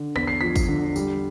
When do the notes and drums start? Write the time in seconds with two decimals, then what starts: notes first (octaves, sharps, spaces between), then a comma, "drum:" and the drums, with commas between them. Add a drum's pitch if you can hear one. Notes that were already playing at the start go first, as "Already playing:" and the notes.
Already playing: D3
0.16 E2 B6, drum: rim click
0.27 C7
0.41 F3 B6
0.56 drum: kick, tambourine
0.68 D3
0.96 G3, drum: tambourine